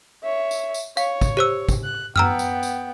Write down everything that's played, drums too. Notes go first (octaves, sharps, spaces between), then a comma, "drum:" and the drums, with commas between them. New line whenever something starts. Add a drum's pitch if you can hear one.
C#5 E5
drum: tambourine
drum: tambourine
C#5 F5, drum: tambourine
drum: kick, tambourine
G4 C5 E6
drum: kick, tambourine
F#6
B3 G5 A#5 E6 F6, drum: tom F#2
drum: tambourine
drum: tambourine